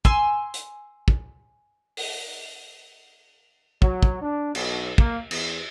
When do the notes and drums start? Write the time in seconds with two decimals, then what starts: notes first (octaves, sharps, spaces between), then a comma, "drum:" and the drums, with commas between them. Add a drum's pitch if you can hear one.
0.05 G#5 C6 E6, drum: kick
0.54 drum: hi-hat
1.08 drum: kick
1.97 drum: open hi-hat
3.82 F#3, drum: kick
4.03 drum: kick
4.22 D4
4.55 B1, drum: cymbal
4.98 A#3, drum: kick
5.31 E2, drum: cymbal